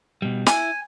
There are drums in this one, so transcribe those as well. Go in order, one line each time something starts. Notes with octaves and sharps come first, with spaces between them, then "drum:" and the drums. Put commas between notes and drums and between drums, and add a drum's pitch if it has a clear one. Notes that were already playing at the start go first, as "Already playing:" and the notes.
B2 G3
E4 G#5, drum: snare